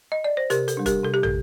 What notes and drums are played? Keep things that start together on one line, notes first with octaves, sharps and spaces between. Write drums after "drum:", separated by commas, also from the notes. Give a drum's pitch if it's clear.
D#5
D5
C5
C3 G4 A#4, drum: hi-hat
A4, drum: hi-hat
G3 D4
G4 A#4, drum: kick, hi-hat
C3 A4
G4
A4, drum: tom